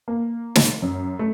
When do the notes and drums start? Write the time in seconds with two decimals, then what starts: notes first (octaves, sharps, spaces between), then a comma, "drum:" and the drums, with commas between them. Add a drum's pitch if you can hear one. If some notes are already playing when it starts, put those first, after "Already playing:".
0.08 A#3
0.55 drum: snare
0.82 F#2
1.19 A3